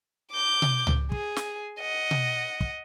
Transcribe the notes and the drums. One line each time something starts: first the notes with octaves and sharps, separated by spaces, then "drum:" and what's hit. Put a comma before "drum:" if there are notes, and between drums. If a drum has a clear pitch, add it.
D6 G6
drum: tom B2
drum: tom C#2
G#4, drum: kick
drum: snare
D#5 F#5
drum: tom B2
drum: kick